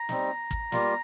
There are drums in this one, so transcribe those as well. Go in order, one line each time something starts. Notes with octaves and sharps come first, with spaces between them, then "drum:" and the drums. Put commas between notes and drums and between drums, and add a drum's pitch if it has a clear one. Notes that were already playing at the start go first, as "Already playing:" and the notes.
Already playing: A#5
G3 C4 D#4, drum: snare
drum: kick
G3 A#3 F4, drum: snare